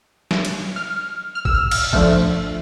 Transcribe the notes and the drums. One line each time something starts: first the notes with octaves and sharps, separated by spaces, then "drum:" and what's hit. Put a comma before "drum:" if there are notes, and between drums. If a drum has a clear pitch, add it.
drum: snare
drum: cymbal
F6
F6
E6, drum: kick G1
F6
drum: cymbal
D3 F3 A3, drum: kick G1